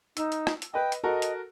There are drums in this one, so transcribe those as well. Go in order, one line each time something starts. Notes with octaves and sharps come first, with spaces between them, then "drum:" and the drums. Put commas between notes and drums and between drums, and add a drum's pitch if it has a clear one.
D#4 E6, drum: hi-hat
drum: hi-hat
drum: rim click
drum: hi-hat
B4 D#5 G5
drum: hi-hat
F#4 A4 A#4 D#5
drum: hi-hat